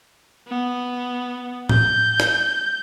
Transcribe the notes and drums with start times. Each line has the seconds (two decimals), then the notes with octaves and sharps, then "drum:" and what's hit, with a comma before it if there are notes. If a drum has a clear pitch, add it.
0.47 B3
1.69 G6, drum: tom A2
2.20 drum: rim click